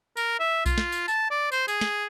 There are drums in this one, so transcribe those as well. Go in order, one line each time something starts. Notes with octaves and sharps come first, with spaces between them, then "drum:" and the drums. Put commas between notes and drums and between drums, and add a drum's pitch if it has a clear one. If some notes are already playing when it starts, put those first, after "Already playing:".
A#4, drum: tambourine
E5
F4, drum: kick B1, tambourine
drum: snare
drum: tambourine
A5, drum: tambourine
D5
C5, drum: tambourine
G#4, drum: tambourine
drum: snare